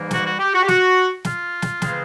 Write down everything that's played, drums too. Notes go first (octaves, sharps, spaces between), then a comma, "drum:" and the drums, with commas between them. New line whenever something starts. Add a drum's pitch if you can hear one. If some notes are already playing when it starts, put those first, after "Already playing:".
Already playing: G#2 E3 G3 A#3
F#4, drum: snare
F#4
G4
F#4
G4
F#4, drum: snare
F4, drum: snare
drum: snare
C#3 E3 G#3 C4, drum: snare